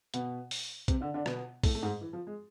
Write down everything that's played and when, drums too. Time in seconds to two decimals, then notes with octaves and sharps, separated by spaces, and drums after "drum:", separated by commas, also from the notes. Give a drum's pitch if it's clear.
0.14 B2 B3, drum: hi-hat
0.51 drum: open hi-hat
0.88 C3 C4, drum: kick B1, hi-hat
1.01 D3 D4
1.14 D3 D4
1.26 B2 B3, drum: rim click
1.64 A2 A3, drum: kick B1, open hi-hat
1.75 A3
1.82 G#2 G#3
2.01 E3
2.13 F3
2.27 G#3